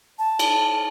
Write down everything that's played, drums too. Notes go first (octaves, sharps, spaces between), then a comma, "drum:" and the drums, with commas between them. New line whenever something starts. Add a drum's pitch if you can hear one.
A5
drum: cymbal